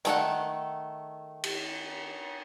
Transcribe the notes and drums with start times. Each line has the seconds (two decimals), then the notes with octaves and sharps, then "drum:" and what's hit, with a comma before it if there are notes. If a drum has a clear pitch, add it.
0.05 D#3 A3 F#5, drum: hi-hat
1.44 drum: cymbal